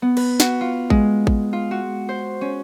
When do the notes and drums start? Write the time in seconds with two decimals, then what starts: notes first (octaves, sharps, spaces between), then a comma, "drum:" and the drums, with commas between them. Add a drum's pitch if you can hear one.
0.02 B3
0.17 B4, drum: cymbal
0.40 F#4, drum: snare
0.61 F4
0.90 G#3, drum: kick A1
1.27 drum: kick A1
1.53 F4
1.71 F#4
2.09 C5
2.41 C#4